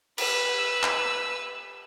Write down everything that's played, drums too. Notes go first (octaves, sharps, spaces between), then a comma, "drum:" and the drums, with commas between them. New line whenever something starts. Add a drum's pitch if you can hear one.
B4 E6, drum: cymbal
drum: clap